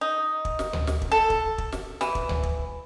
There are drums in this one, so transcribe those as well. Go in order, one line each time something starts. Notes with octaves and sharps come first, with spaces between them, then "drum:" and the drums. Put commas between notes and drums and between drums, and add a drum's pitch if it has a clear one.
D#4
drum: kick
drum: snare
drum: tom D2
drum: snare
drum: kick
A4
drum: kick
drum: kick
drum: snare
E3, drum: snare
drum: kick
drum: tom D2
drum: kick